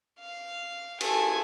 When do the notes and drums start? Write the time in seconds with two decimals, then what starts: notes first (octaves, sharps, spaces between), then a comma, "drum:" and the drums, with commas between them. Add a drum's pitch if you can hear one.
0.20 F5
1.01 A4 G#5, drum: cymbal